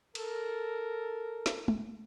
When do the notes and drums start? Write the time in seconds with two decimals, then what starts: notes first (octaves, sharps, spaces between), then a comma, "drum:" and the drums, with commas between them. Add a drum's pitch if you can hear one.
0.15 A4 A#4, drum: cymbal
1.46 drum: snare
1.68 drum: tom